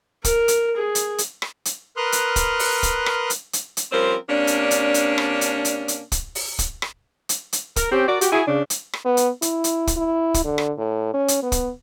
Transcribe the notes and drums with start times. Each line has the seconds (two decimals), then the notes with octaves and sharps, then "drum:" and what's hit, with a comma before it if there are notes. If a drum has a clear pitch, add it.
0.24 A#4, drum: kick, hi-hat
0.48 drum: hi-hat
0.77 G#4
0.95 drum: hi-hat
1.18 drum: hi-hat
1.42 drum: rim click
1.65 drum: hi-hat
1.97 A#4 B4 C6 D#6 F6 F#6
2.12 drum: hi-hat
2.36 drum: kick, hi-hat
2.59 drum: open hi-hat
2.83 drum: kick, hi-hat
3.06 drum: rim click
3.30 drum: hi-hat
3.53 drum: hi-hat
3.77 drum: hi-hat
3.92 F3 G3 C4 C#4 A#4 C5
4.29 C3 A#3 C#4 D4
4.47 drum: hi-hat
4.71 drum: hi-hat
4.94 drum: hi-hat
5.18 drum: rim click
5.41 drum: hi-hat
5.65 drum: hi-hat
5.88 drum: hi-hat
6.12 drum: kick, hi-hat
6.35 drum: open hi-hat
6.59 drum: kick, hi-hat
6.82 drum: rim click
7.29 drum: hi-hat
7.53 drum: hi-hat
7.76 A#4, drum: kick, hi-hat
7.92 C4 C#4 G4
8.08 F#4 A#4 D5
8.21 F#4 G4, drum: hi-hat
8.32 E4 F#4 G#4
8.47 C#3 D4
8.70 drum: hi-hat
8.93 drum: rim click
9.05 B3
9.17 drum: hi-hat
9.42 E4, drum: hi-hat
9.64 drum: hi-hat
9.87 drum: kick, hi-hat
9.97 E4
10.34 drum: kick, hi-hat
10.45 D3
10.58 drum: rim click
10.78 A2
11.14 C#4
11.28 drum: hi-hat
11.42 B3
11.52 drum: kick, hi-hat